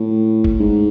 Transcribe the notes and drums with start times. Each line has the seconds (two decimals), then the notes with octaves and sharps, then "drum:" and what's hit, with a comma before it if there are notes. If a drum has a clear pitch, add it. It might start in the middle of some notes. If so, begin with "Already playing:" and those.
Already playing: A2
0.44 drum: kick
0.60 G#2